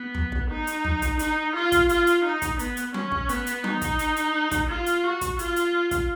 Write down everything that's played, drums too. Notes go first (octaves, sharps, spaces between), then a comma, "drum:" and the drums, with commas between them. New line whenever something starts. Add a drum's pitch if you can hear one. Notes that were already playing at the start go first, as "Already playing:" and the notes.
Already playing: B3
drum: tom
drum: kick
D#4
drum: hi-hat
drum: tom
drum: kick, hi-hat
D#4, drum: hi-hat
F4
drum: kick, hi-hat
F4, drum: hi-hat
drum: hi-hat
D#4
drum: kick, hi-hat
B3, drum: hi-hat
drum: hi-hat
C#4, drum: tom F#3
drum: kick
B3, drum: hi-hat
drum: hi-hat
D#4, drum: tom F#3
drum: kick, hi-hat
drum: hi-hat
drum: hi-hat
drum: kick, hi-hat
F4
drum: hi-hat
F#4
drum: kick, hi-hat
F4, drum: hi-hat
drum: hi-hat
drum: kick, hi-hat